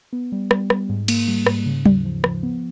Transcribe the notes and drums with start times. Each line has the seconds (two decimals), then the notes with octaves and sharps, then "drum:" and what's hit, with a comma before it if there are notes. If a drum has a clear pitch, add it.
0.13 B3
0.32 G3
0.51 G3, drum: rim click
0.70 G3, drum: rim click
0.89 G#2
1.08 A#3, drum: cymbal
1.28 G3
1.46 G#2, drum: rim click
1.66 C#3
1.86 D#2, drum: tom F#3
2.05 F3
2.24 F3, drum: rim click
2.43 B3